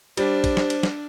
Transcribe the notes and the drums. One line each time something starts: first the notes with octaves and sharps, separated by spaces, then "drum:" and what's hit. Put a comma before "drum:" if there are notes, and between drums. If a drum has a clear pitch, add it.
G3 D4 C5, drum: cymbal
drum: kick, cymbal
drum: snare
drum: cymbal
drum: snare